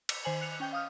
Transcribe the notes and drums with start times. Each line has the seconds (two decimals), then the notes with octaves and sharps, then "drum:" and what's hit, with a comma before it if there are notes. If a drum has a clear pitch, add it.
0.09 C#7, drum: cymbal
0.24 D#3 C5 G#5 F#7
0.41 F#6 C#7 F7
0.60 C#4 G5 G6
0.72 F5 D#6 F6